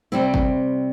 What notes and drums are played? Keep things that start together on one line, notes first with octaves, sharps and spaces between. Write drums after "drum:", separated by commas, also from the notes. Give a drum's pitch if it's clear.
C3 G3 C4 E4
drum: kick G1